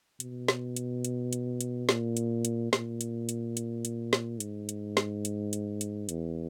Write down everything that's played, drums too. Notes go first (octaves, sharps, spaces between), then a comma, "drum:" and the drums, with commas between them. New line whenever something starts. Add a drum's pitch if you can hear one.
B2, drum: hi-hat
drum: snare
drum: hi-hat
drum: hi-hat
drum: hi-hat
drum: hi-hat
A#2, drum: snare
drum: hi-hat
drum: hi-hat
A#2, drum: snare
drum: hi-hat
drum: hi-hat
drum: hi-hat
drum: hi-hat
drum: snare
G#2, drum: hi-hat
drum: hi-hat
drum: snare
drum: hi-hat
drum: hi-hat
drum: hi-hat
E2, drum: hi-hat